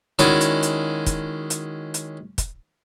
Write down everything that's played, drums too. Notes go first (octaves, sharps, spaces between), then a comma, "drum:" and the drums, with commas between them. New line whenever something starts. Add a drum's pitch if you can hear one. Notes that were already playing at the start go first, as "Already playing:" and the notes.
D#3 G#3 C#4 E4 F#4 D5, drum: hi-hat
drum: hi-hat
drum: hi-hat
drum: kick, hi-hat
drum: hi-hat
drum: hi-hat
drum: kick, hi-hat